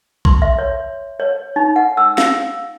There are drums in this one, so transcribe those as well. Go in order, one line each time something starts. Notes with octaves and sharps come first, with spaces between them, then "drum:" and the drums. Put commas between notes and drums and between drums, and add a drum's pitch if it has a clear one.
C6, drum: kick A#1
E5
C#5
C#5
D#4
F#5
E6
F5, drum: snare